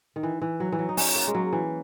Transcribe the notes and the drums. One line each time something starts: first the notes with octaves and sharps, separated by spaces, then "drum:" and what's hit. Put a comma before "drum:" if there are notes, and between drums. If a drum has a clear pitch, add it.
D#3
E3
E3
F#3
E3
F#3
D#4
C#4, drum: open hi-hat
A#3
G#3
F#3
E3